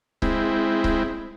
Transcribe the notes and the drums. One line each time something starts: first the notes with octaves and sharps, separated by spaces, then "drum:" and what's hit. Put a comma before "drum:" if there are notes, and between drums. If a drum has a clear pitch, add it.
G#3 C4 E4, drum: kick C#1
drum: kick C#1